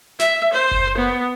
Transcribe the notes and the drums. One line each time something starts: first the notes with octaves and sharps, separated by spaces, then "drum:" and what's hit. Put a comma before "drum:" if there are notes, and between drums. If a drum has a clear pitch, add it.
E5, drum: snare
C5
drum: kick F#1
B3